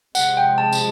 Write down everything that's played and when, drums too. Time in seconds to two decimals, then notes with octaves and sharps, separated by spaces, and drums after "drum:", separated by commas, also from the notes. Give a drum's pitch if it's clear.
0.15 C3 F3 G#3 F#5, drum: tambourine
0.37 G5
0.58 A5
0.73 drum: tambourine